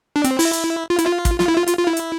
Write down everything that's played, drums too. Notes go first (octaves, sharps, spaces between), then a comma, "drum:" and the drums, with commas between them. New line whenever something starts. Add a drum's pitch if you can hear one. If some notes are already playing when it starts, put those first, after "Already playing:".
D4
C4, drum: hi-hat
E4, drum: open hi-hat
drum: hi-hat
F4
E4, drum: hi-hat
F4
drum: kick, hi-hat
F4, drum: snare
E4
F4
F4, drum: hi-hat
F4
E4
drum: hi-hat